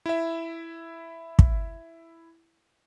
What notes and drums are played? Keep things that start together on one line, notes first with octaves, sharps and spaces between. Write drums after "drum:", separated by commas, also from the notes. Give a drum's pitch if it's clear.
E4 E5
drum: kick